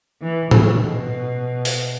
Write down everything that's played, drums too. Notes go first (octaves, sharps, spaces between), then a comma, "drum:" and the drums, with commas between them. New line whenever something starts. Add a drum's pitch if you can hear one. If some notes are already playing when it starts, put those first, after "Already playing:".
E3
C#3, drum: tom A2
B2
drum: open hi-hat